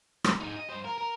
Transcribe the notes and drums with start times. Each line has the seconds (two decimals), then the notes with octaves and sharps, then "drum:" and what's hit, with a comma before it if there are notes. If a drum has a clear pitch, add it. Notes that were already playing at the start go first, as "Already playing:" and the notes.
0.24 drum: rim click
0.40 D#4 G#4
0.56 D#5
0.70 G2 C5
0.85 A#4
0.98 A#4